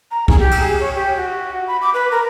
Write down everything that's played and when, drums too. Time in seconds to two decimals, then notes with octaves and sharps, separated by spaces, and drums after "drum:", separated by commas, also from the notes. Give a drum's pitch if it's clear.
0.11 A#5
0.28 G#4, drum: kick
0.39 G4
0.51 drum: cymbal
0.61 G#4
0.80 C#5
0.95 G4
1.17 F#4
1.67 B5
1.82 D6
1.94 B4
2.12 A#4